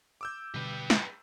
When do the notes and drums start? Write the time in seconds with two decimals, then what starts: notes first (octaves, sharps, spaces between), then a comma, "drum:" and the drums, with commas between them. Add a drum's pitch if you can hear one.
0.21 D6 E6 G6
0.54 B2 D3 G3 G4 B4
0.90 drum: snare